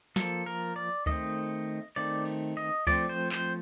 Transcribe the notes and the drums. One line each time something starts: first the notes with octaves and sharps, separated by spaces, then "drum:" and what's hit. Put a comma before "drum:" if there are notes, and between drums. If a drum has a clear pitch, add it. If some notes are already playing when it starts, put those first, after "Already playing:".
F3 A#3 A4, drum: snare
A#4
D5
D#3 A3 C4 D#5, drum: kick D2
D#3 A3 C4 D5
drum: cymbal
D#5
F3 A3 C4 D5, drum: kick D2
C5
C5, drum: clap